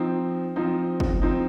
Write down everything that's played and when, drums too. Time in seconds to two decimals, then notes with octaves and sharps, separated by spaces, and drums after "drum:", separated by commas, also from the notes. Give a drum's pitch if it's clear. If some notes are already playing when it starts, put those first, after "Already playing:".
Already playing: F3 C4 D#4
0.56 F3 C4 D#4
1.00 drum: kick
1.22 F3 C4 D#4